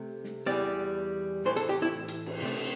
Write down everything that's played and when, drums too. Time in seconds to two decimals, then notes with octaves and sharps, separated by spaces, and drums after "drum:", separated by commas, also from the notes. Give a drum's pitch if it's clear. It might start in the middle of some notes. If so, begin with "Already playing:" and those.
Already playing: C3 A3
0.24 drum: snare
0.46 E2 E3 G3 D5
1.45 A2 E3 A3 C5
1.56 A4, drum: hi-hat
1.69 G4
1.82 E4
2.08 drum: hi-hat
2.26 drum: cymbal
2.42 C3 A3